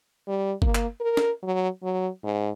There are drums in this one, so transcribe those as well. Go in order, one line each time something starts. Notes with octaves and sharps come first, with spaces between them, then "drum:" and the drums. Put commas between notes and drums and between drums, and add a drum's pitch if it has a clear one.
G3
A#3, drum: kick G1
drum: clap
A#4
drum: snare
F#3
F#3
G#2